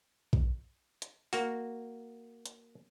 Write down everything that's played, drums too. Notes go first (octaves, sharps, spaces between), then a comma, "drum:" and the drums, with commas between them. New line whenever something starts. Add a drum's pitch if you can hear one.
drum: kick A#1
drum: hi-hat
A#3 F#4, drum: open hi-hat
drum: hi-hat